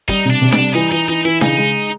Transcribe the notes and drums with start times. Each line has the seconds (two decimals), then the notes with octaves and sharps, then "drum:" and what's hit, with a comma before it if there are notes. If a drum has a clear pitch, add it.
0.08 G3 D#4, drum: kick, hi-hat
0.25 C3 D4
0.42 C3
0.52 D4, drum: snare D4
0.59 G3
0.75 E3 D#4
0.92 E3 D#4
1.08 E3 D#4
1.25 E3 E4
1.41 C#3 D#4, drum: snare D4
1.58 G#3